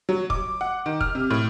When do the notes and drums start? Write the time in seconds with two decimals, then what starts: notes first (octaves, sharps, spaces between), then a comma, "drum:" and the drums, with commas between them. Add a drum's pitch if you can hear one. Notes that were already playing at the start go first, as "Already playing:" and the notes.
0.09 F#3
0.30 D6, drum: kick
0.61 F#5
0.86 D#3
1.01 F6, drum: kick
1.15 C3
1.30 A2